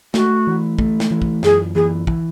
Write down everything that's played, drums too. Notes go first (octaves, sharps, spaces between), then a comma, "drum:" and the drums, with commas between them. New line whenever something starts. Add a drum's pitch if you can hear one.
A3 F#4, drum: snare
E3
A3, drum: kick
drum: snare
E3
drum: kick
F#2 G#4, drum: snare
E3 G#4
E3, drum: kick